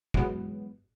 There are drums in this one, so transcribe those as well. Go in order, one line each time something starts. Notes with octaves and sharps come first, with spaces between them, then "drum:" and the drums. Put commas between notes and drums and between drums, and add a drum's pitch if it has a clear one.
E3 F#3 G#3 B3, drum: kick